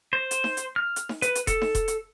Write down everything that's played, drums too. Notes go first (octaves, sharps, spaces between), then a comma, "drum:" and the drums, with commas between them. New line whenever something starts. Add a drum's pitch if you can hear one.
C5
drum: hi-hat
drum: snare D#4
drum: hi-hat
F6
drum: hi-hat
drum: snare D#4
B4, drum: hi-hat
drum: hi-hat
A4, drum: kick E1, hi-hat
drum: snare D#4
drum: kick E1, hi-hat
drum: hi-hat